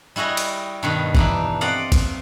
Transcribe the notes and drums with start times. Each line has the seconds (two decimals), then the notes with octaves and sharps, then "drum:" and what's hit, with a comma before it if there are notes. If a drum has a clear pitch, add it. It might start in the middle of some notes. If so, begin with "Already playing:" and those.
0.16 G3 E4 F#4 G#4 D#5
0.37 drum: cymbal
0.83 G2 B2 D#3
1.15 E3 D4 D#4, drum: kick
1.61 C4 D5 D#5 F5 F#5
1.92 drum: kick, cymbal